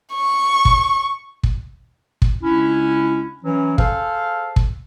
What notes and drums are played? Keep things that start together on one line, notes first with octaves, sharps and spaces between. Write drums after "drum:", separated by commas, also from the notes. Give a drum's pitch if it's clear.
C#6
drum: kick
drum: kick
drum: kick
C#2 C#3 C#4 D4 E4
E3 F#3 C#4
G#4 A4 C5 F5, drum: kick
drum: kick